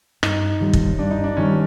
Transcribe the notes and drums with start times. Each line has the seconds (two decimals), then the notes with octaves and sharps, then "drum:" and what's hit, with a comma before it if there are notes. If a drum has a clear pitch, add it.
0.23 G2 D#4, drum: rim click
0.60 D#3 G3
0.73 drum: kick
0.99 G2 D4
1.11 D#4
1.24 D4
1.37 D#3 G3 C#4